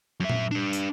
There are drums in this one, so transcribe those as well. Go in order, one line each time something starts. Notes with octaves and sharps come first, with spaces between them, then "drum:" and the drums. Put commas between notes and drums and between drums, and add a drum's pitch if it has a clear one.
F#2 E5
drum: tom A#2
G3 D4
drum: tambourine